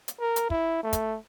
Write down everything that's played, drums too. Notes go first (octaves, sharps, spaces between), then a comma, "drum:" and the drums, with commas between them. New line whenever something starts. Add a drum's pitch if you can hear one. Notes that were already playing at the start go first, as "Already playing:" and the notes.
drum: hi-hat
A#4
drum: hi-hat
E4, drum: kick
A3
drum: kick, hi-hat